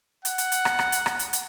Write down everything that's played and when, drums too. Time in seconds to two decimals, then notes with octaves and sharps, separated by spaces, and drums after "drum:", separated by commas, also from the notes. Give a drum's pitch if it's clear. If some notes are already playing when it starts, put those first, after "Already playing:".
0.25 F#5, drum: hi-hat
0.38 drum: hi-hat
0.52 drum: hi-hat
0.65 drum: rim click
0.79 drum: rim click
0.92 drum: hi-hat
1.06 drum: rim click
1.19 drum: hi-hat
1.33 drum: hi-hat